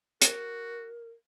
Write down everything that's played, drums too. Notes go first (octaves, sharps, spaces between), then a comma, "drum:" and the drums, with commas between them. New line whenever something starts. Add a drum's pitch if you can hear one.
F#4 A#4, drum: hi-hat